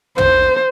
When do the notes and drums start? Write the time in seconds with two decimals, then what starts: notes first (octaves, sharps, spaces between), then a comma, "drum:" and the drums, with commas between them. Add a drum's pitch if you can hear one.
0.18 C5, drum: tom